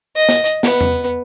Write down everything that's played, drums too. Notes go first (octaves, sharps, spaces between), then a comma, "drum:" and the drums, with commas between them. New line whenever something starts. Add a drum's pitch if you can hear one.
D#5
drum: snare
drum: hi-hat
B3, drum: snare
drum: tom E2